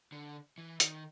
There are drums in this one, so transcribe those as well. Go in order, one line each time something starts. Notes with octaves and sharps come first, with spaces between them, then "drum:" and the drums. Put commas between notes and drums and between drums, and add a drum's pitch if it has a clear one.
D3
E3
D#3, drum: hi-hat